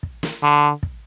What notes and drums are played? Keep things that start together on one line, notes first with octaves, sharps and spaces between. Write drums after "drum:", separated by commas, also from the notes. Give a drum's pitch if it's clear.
drum: kick
drum: snare
D3
drum: kick